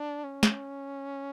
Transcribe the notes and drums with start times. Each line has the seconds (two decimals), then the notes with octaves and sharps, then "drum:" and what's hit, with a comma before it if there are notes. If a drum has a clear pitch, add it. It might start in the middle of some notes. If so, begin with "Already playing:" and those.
Already playing: D4
0.24 C#4
0.43 drum: snare